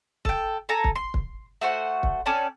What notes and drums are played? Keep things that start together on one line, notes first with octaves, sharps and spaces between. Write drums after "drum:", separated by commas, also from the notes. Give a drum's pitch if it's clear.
A4 G5, drum: kick
A4 G#5 A#5
drum: kick
C6
drum: kick
A3 F#4 C5 F#5
drum: kick
C#4 A4 D5 G5